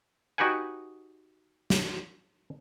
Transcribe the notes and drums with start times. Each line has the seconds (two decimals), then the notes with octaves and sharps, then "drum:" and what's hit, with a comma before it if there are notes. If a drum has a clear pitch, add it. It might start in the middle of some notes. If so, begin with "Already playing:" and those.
0.38 D#4 F#4 G4 B4 F#5 G#5
1.70 drum: snare